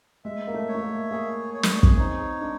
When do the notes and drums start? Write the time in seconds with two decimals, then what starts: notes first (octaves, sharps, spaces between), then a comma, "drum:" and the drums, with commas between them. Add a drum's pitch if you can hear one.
0.24 G#3 E5
0.47 A#3
0.54 A3
0.68 C#5
0.75 A3
0.82 A#3
1.11 A#3 G#4
1.54 C#5
1.63 drum: snare
1.83 drum: kick
1.97 C4 D#4
2.41 G#3 D4